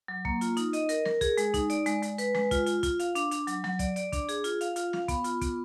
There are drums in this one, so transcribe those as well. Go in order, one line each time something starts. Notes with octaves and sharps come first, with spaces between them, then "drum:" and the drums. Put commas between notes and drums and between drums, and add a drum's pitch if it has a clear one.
F#3
A#3, drum: kick
F4, drum: hi-hat
D#4, drum: hi-hat
D#5, drum: hi-hat
A#4, drum: hi-hat
A#4, drum: snare
G#4, drum: kick, hi-hat
G#3, drum: hi-hat
D#4, drum: kick, hi-hat
D5, drum: hi-hat
G#3, drum: hi-hat
G#3, drum: hi-hat
B4, drum: hi-hat
G#3, drum: snare
F4, drum: kick, hi-hat
F4, drum: hi-hat
F4, drum: kick, hi-hat
F5, drum: hi-hat
D4, drum: hi-hat
D4, drum: hi-hat
F#3, drum: hi-hat
F#3, drum: snare
D5, drum: kick, hi-hat
D5, drum: hi-hat
D4, drum: kick, hi-hat
G#4, drum: hi-hat
F4, drum: hi-hat
F5, drum: hi-hat
F4, drum: hi-hat
F5, drum: snare
B3, drum: kick, hi-hat
F4, drum: hi-hat
B3, drum: kick, hi-hat